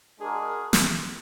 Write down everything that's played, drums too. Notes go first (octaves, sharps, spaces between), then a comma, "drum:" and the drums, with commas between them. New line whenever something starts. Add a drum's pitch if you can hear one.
G#3 D4 F#4 G#4 A#4 D#5
drum: snare